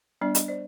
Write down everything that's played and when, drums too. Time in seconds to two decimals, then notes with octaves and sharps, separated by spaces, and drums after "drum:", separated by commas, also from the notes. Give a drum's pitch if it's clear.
0.21 G3 B3 D4 D5
0.35 D#5, drum: hi-hat
0.48 C5 D5